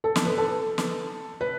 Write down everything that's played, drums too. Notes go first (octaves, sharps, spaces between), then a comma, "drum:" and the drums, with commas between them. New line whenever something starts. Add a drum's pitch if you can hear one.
A4
drum: snare
B4
A4
drum: snare
B4